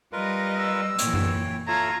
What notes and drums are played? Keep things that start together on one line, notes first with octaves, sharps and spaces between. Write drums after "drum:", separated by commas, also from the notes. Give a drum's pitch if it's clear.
G3 F4 A#4 B4 D#5
E6
A#2 E3 C#5 G5, drum: hi-hat
drum: tom F#2
F4 A4 C#5 E5 A#5 G#6